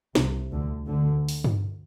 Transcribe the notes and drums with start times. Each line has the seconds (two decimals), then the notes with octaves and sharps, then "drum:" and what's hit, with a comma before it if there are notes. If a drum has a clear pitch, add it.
0.15 C2 C3, drum: snare
0.52 D2 D3
0.87 D2 D3
1.29 drum: open hi-hat
1.44 drum: tom G2